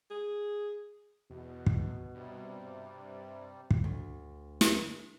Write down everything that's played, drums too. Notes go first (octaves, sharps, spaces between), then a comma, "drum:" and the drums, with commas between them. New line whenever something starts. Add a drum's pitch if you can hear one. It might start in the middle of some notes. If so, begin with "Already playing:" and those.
G#4
E2 B2
drum: kick
G2 C3 G3
drum: kick
D2
drum: snare